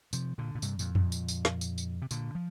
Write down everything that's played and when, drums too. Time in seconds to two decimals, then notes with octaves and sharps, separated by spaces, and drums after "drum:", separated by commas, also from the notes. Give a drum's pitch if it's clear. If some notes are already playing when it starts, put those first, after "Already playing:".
0.13 C3 F3, drum: tambourine
0.38 A#2 D3
0.55 A#2
0.62 G2 C3, drum: tambourine
0.79 F2 A#2, drum: tambourine
0.95 F2 A#2, drum: tom F2
1.12 drum: tambourine
1.28 drum: tambourine
1.45 drum: snare
1.61 drum: tambourine
1.78 drum: tambourine
2.02 C3
2.11 A#2 D3, drum: tambourine
2.35 F3